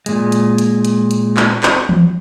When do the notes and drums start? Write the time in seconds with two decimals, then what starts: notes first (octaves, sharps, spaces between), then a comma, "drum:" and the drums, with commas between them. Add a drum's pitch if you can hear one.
0.06 A#2 G#3, drum: hi-hat
0.32 drum: hi-hat
0.58 drum: hi-hat
0.85 drum: hi-hat
1.11 drum: hi-hat
1.37 drum: clap
1.63 drum: clap
1.89 drum: tom E3